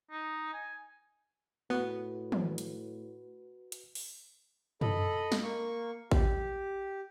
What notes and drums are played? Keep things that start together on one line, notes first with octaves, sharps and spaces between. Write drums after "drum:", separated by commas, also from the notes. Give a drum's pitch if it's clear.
D#4
G#5
A2 B3 F#4 B4
drum: tom
drum: hi-hat
drum: hi-hat
drum: open hi-hat
A4 D#5 B5, drum: tom
drum: snare
A#3 C#6
G4, drum: kick A1